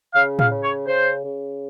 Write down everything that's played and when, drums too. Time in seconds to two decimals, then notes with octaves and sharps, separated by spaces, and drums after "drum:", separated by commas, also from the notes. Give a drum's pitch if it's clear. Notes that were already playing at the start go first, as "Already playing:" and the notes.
0.14 C#3 F5
0.39 F5, drum: tom A2
0.50 C#3
0.63 C#5
0.87 C#3 C5
1.24 C#3